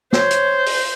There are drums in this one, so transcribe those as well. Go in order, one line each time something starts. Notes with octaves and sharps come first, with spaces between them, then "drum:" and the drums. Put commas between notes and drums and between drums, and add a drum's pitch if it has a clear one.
C5 C#5, drum: snare
drum: hi-hat
drum: open hi-hat